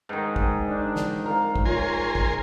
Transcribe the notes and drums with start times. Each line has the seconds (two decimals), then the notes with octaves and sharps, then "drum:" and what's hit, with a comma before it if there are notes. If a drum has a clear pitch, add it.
0.09 G#2 D#3
0.36 drum: kick
0.67 D4
0.96 drum: snare
1.26 C4 A#4 D5 F5
1.56 drum: kick
1.65 A#2 F4 A#4 C5 C#5 G#5 C6
2.15 drum: kick